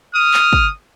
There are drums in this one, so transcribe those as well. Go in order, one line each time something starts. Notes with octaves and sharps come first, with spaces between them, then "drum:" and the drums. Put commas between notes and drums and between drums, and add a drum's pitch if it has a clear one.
D#6 F6
drum: clap
drum: kick